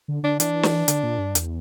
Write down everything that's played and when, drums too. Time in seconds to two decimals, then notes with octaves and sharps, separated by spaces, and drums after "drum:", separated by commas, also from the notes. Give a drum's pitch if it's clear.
0.08 D3
0.23 D3 D4
0.40 E3 D4, drum: hi-hat
0.63 drum: snare
0.88 D3, drum: hi-hat
1.03 A#2
1.18 G2
1.35 E2, drum: hi-hat